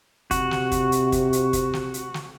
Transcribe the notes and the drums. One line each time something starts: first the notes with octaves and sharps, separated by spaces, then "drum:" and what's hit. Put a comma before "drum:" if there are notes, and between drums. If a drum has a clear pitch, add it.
C3 F#4, drum: kick, hi-hat
drum: snare
drum: kick, hi-hat
drum: hi-hat
drum: kick, hi-hat
drum: hi-hat
drum: kick, hi-hat
drum: snare
drum: hi-hat
drum: snare